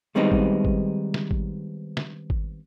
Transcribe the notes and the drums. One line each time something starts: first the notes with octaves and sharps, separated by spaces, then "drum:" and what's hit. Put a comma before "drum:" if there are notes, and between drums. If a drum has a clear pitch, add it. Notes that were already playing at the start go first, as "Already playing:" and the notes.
D#3 G3 G#3 B3 C4 D#4
drum: kick G#1
drum: kick G#1
drum: snare
drum: kick G#1
drum: snare
drum: kick G#1